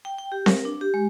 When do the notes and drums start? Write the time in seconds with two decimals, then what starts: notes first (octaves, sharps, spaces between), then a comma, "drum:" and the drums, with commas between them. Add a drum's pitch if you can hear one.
0.05 G5
0.18 G5
0.32 G4
0.46 A#4, drum: snare C4
0.65 D4
0.81 G4
0.94 G#3